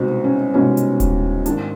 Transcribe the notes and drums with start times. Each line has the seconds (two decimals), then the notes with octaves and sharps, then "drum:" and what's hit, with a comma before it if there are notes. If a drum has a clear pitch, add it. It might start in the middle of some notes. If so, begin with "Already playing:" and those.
Already playing: C2 B2 G#3 B3 C4 D#4
0.24 C#4
0.54 C2 B2 G#3 B3 C#4 D#4
0.77 drum: hi-hat
1.00 drum: kick D#1, hi-hat
1.46 G#2 D#3 G#3 C4 D4 F4, drum: hi-hat